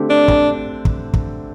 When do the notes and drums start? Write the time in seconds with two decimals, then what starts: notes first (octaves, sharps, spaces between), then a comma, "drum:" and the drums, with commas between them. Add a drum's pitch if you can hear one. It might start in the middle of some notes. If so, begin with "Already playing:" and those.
Already playing: D3 A3 C4 G4
0.10 D4
0.28 drum: kick
0.85 drum: kick
1.14 drum: kick